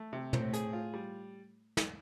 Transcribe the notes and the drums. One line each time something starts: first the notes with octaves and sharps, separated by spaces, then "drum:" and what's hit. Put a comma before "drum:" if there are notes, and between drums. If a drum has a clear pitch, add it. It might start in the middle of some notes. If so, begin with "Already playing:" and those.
Already playing: A3
C3
A2 C4, drum: tom
G#4, drum: hi-hat
F4
G3
drum: snare